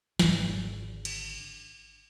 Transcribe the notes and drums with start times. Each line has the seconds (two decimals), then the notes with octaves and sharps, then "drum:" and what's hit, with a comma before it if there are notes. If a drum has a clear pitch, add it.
0.19 G#1 D3, drum: snare
1.05 drum: cymbal